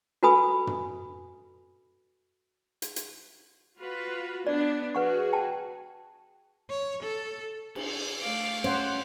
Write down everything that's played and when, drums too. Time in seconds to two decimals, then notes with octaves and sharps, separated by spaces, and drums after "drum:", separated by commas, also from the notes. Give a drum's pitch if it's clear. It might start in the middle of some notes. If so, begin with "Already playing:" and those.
0.23 F#4 A4 B4 G#5 B5 D#6
0.67 drum: tom
2.82 drum: hi-hat
2.96 drum: hi-hat
3.78 F4 F#4 B4
4.47 B3 D4 D5
4.95 F#4 G#4 B4 F#5 C#6
5.33 G5 A5
6.70 C#5
7.03 A4
7.75 drum: cymbal
8.20 A3 F5 D6
8.64 C#4 C5 F#5